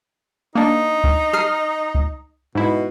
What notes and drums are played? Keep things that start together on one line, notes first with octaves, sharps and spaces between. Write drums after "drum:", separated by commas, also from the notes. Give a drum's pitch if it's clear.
A#3 D4 D#4
drum: kick C2
D#6 F6 C7, drum: rim click
drum: kick C2
G#2 B2 E4